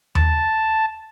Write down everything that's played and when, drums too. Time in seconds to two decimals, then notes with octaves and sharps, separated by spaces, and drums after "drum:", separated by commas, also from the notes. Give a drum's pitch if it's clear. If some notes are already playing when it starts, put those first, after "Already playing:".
0.15 A5, drum: tom D#2